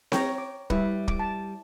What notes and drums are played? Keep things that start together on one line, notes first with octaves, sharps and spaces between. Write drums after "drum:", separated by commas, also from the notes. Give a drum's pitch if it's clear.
C#5 G5 A#5, drum: snare C4
D6
G3 E4 B4, drum: kick
D6, drum: kick
A5